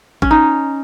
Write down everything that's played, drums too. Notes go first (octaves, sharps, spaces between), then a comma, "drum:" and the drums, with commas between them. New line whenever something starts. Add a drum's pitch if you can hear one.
C#4, drum: kick A1
D#4